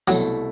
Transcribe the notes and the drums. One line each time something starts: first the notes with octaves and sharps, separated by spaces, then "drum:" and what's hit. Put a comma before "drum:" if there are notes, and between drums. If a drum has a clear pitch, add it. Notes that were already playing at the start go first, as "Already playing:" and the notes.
C2 B2 F#3 A3 E4 A4, drum: tambourine